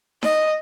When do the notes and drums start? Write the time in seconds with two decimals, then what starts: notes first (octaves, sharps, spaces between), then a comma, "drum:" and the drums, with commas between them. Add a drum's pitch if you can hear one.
0.23 D#5, drum: snare D#4